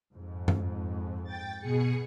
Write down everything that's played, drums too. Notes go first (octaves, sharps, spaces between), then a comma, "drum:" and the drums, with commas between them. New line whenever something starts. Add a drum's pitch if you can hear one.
F2 G#2
drum: tom F#2
G5 A6
B2 G#4 C#7